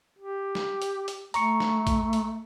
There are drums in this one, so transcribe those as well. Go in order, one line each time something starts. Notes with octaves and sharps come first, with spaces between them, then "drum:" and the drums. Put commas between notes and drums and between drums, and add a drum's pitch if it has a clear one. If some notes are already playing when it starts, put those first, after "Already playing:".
G4
drum: snare
drum: hi-hat
drum: hi-hat
A3 A#5 C#6 C#7, drum: hi-hat
drum: snare
drum: kick A#1, hi-hat
drum: hi-hat